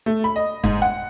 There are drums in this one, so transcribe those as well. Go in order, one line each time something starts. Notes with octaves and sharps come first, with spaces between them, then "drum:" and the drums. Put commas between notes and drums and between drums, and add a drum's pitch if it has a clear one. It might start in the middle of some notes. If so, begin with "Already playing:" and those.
A3
B5
D#5
G#2, drum: kick F#1
F#5